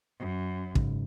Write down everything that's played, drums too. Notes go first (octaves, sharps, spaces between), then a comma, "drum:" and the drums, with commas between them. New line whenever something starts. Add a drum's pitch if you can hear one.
F#2
G#2 C#3, drum: kick